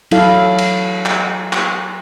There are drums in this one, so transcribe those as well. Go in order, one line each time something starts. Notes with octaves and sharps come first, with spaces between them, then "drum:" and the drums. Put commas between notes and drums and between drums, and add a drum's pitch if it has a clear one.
F#3 E4 A4 F5, drum: cymbal
drum: cymbal
drum: clap
drum: clap